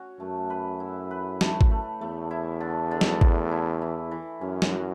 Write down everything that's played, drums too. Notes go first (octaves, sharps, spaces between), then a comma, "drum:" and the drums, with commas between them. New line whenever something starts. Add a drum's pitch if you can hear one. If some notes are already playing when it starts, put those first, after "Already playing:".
Already playing: C#4 F#4
F#2 A3
B4
E4
B4
A3, drum: snare
drum: kick G#1
A3
E2 A3
E4
D3
D3
drum: snare
A3, drum: kick G#1
E4
E3
E3
F#2 C#4
drum: snare
F#4